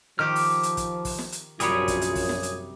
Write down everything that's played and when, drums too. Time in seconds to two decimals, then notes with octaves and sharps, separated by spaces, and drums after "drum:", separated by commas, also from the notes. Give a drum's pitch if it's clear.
0.19 D#3 F3 G4 D6 F6
0.36 drum: open hi-hat
0.63 drum: hi-hat
0.77 drum: kick, hi-hat
1.05 drum: kick, open hi-hat
1.19 drum: snare
1.32 drum: hi-hat
1.60 A#1 F#2 C3 G3 F4 G#4 C#5 D#6, drum: hi-hat
1.88 drum: kick, hi-hat
2.02 drum: hi-hat
2.15 drum: kick, open hi-hat
2.29 drum: snare
2.43 drum: hi-hat